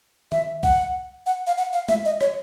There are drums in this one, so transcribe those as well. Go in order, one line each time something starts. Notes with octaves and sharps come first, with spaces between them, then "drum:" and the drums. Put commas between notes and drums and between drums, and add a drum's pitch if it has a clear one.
E5, drum: tom D#3
F#5, drum: kick
F#5
F5
F#5
F5
E5, drum: tom G#3
D#5
C#5, drum: rim click